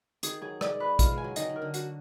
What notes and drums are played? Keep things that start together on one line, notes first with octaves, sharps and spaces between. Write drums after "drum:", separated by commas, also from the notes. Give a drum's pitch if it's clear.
D#3 G#4, drum: hi-hat
F#3 G#4
G#3 D5, drum: rim click
B4
G#3 F4, drum: kick, hi-hat
G#3
G#5
F#3
D#3 D#5, drum: hi-hat
D#3
A#4
D3
F#4, drum: hi-hat